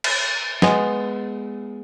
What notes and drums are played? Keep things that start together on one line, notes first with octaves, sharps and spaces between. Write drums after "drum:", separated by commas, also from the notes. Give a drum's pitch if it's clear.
drum: cymbal
G#3 B3, drum: snare